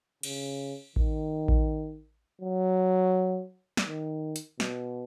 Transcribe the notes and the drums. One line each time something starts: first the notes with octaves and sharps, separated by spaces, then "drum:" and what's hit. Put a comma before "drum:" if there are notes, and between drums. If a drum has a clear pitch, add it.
C#3, drum: cymbal
D#3, drum: kick A1
drum: kick A1
F#3
drum: snare
D#3
drum: hi-hat
B2, drum: snare